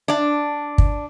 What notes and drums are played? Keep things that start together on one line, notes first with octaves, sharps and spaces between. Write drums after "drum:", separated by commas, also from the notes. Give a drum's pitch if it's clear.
D4 D5
drum: kick